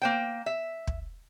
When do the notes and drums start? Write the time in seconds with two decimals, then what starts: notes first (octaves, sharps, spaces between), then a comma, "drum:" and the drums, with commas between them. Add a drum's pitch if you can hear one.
0.02 A#3 C5 G5
0.46 E5
0.87 drum: kick